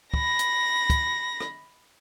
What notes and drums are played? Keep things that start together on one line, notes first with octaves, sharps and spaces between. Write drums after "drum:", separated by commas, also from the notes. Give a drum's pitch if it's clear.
B5 A#6, drum: kick
drum: hi-hat
drum: kick, hi-hat
drum: rim click